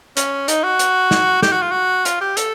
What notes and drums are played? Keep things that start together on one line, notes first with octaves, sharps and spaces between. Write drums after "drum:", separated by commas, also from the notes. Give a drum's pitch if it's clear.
C#4, drum: hi-hat
D#4, drum: hi-hat
F#4
drum: hi-hat
drum: snare
G4, drum: snare
F#4
F4
F#4
F4, drum: hi-hat
G4
A4, drum: hi-hat